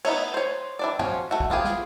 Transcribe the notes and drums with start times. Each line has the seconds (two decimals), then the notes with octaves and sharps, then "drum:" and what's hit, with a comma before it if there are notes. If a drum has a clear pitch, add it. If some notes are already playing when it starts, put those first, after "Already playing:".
0.05 B3 D#4 E4 C#5, drum: cymbal
0.34 C5 C#5
0.79 E3 D4 D5
0.99 F3 G#3 C#4 F4 F#4, drum: tom
1.31 A3 F#4
1.40 drum: kick
1.50 B3 F4 G4 G#4
1.64 drum: snare